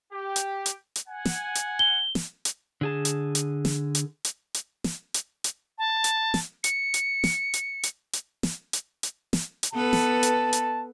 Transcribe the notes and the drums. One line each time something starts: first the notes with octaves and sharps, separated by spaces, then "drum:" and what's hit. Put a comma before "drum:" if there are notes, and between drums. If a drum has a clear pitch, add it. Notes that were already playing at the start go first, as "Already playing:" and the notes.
G4
drum: hi-hat
drum: hi-hat
drum: hi-hat
F#5 G#5
drum: snare
drum: hi-hat
G7
drum: snare
drum: hi-hat
D3 G#4 A5
drum: hi-hat
drum: hi-hat
drum: snare
drum: hi-hat
drum: hi-hat
drum: hi-hat
drum: snare
drum: hi-hat
drum: hi-hat
A5
drum: hi-hat
drum: snare
C#7, drum: hi-hat
drum: hi-hat
drum: snare
drum: hi-hat
drum: hi-hat
drum: hi-hat
drum: snare
drum: hi-hat
drum: hi-hat
drum: snare
drum: hi-hat
B3 A4 B4 A5
drum: snare
drum: hi-hat
drum: hi-hat